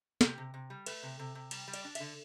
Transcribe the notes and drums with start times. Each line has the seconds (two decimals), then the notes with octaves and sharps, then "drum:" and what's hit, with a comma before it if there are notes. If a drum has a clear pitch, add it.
0.21 C3 G4, drum: snare
0.38 C3
0.54 C3
0.70 G3
0.86 A3 B4, drum: cymbal
1.03 C3
1.19 C3
1.35 C3
1.51 G3, drum: cymbal
1.68 G3
1.74 D5, drum: cymbal
1.84 D4
1.95 E5, drum: cymbal
2.00 D3